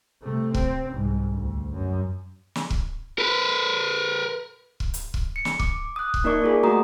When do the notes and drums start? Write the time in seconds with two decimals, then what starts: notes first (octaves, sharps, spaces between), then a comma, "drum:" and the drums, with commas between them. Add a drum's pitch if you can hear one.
0.22 C3 A3
0.54 C4, drum: kick
0.90 C2 G#2
1.34 D2
1.72 F#2
2.55 drum: snare
2.70 drum: kick
3.19 A#4 B4
4.80 drum: kick
4.94 drum: hi-hat
5.14 drum: kick
5.36 C#7
5.45 drum: snare
5.60 D6, drum: kick
5.96 D#6 F#6
6.14 drum: kick
6.24 A#3 D#4 A#4 D5 C#6 D6
6.42 A#3 F4 G#4
6.63 A3 F#4 A#5 D#6